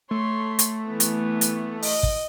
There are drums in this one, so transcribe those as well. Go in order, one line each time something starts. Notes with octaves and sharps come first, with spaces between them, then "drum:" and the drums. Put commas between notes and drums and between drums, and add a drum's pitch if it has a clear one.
A3 C#5 C6
drum: hi-hat
E3 B3
drum: hi-hat
drum: hi-hat
D#5, drum: open hi-hat
drum: kick